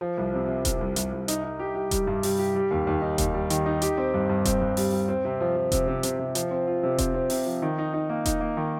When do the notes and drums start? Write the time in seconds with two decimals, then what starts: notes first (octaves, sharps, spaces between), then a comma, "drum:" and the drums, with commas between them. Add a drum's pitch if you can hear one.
0.01 F3
0.17 C2
0.34 C3
0.48 C3
0.65 C3, drum: kick E1, hi-hat
0.81 C2
0.96 C2, drum: hi-hat
1.12 C2
1.28 D#4, drum: hi-hat
1.44 D#4
1.59 G4
1.75 G4
1.91 G3, drum: kick E1, hi-hat
2.07 G2
2.23 G3, drum: open hi-hat
2.39 G4
2.55 G3
2.71 D#2
2.87 D#2
3.02 D#4
3.18 D#2, drum: kick E1, hi-hat
3.34 G3
3.50 D#3, drum: hi-hat
3.66 D#4
3.82 G4, drum: hi-hat
3.97 C4
4.14 G2
4.29 G2
4.45 C4, drum: kick E1, hi-hat
4.61 G2
4.77 G3, drum: open hi-hat
4.93 G3
5.08 C4
5.25 C3
5.40 F3
5.56 F3
5.72 C3, drum: kick E1, hi-hat
5.88 C3
6.03 C3, drum: hi-hat
6.19 C3
6.35 F3, drum: hi-hat
6.51 C4
6.67 F4
6.83 C3
6.98 C4, drum: kick E1, hi-hat
7.14 C4
7.30 C3, drum: open hi-hat
7.46 F3
7.62 D#3
7.78 D#4
7.94 D#4
8.09 A#3
8.25 D#4, drum: kick E1, hi-hat
8.41 A#3
8.57 D#3